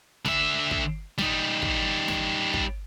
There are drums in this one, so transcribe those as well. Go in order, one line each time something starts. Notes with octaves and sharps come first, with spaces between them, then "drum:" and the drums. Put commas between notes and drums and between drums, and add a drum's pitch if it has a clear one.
D3 E5, drum: snare
drum: kick
G3 D#4, drum: snare
drum: kick
drum: snare
drum: kick